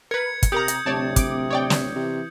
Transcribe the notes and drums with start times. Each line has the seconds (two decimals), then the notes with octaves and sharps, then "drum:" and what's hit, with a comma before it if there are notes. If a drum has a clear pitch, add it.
0.11 A#4 B4 G#6 C#7
0.43 drum: kick, hi-hat
0.52 C3 G4 A#4 A#5 D#6 G6 C#7
0.68 drum: hi-hat
0.86 D1 C3 C#5 D5 A5
1.16 D6, drum: kick, hi-hat
1.51 C#5 D5 G5
1.70 drum: snare
1.96 C3 E3